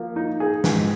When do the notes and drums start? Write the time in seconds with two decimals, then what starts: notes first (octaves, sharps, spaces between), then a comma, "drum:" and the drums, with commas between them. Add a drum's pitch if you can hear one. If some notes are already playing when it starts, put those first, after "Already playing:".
Already playing: F3 A#3
0.16 D#4
0.40 G#4
0.64 G#2, drum: snare